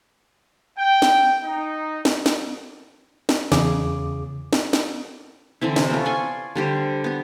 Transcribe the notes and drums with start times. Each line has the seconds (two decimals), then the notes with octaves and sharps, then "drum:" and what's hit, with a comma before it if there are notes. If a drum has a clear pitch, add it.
0.78 G5
1.02 drum: snare
1.44 D#4
2.05 drum: snare
2.26 drum: snare
3.29 drum: snare
3.52 E2 C#3 G#4 D6, drum: snare
4.53 drum: snare
4.73 drum: snare
5.61 D3 E3 C4 E4
5.76 C3 E4, drum: snare
5.90 B3 C#4 F4 A4
6.05 D5 G#5 C6 C#6
6.55 D3 G3 G4 C5
7.04 B3 G4